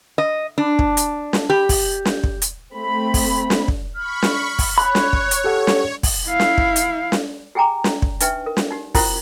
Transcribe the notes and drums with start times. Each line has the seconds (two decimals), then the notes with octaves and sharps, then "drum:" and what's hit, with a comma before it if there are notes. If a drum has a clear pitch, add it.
0.18 D#5
0.58 D4
0.79 drum: kick
0.97 drum: hi-hat
1.33 drum: snare
1.50 G4
1.69 drum: kick, open hi-hat
2.05 drum: snare
2.24 drum: kick
2.42 drum: hi-hat
2.74 A3 C4 B5
3.14 drum: kick, open hi-hat
3.50 drum: snare
3.68 drum: kick
3.95 B5 C#6 F6
4.22 drum: snare
4.59 drum: kick, open hi-hat
4.78 C#5 B5 F#6
4.95 drum: snare
5.13 drum: kick
5.31 drum: hi-hat
5.44 G4 A4 F#5
5.67 drum: snare
6.03 drum: kick, open hi-hat
6.27 E4 F5
6.40 drum: snare
6.58 drum: kick
6.76 drum: hi-hat
7.12 drum: snare
7.55 G4 G#4 G5 G#5 A#5 D6
7.84 drum: snare
8.02 drum: kick
8.20 D4 D#4 B4 E5 G5 C#6, drum: hi-hat
8.46 A#4
8.57 drum: snare
8.70 D#4 G4
8.95 C#4 E4 F4 G4 A#4 C5, drum: kick, open hi-hat